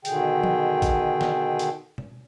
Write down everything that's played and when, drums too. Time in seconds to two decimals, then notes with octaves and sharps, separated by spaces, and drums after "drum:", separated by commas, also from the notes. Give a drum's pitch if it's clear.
0.05 B2 D3 D#3 G#4 G5, drum: hi-hat
0.44 drum: tom
0.82 drum: kick, hi-hat
1.21 drum: snare
1.59 drum: hi-hat
1.98 drum: tom B2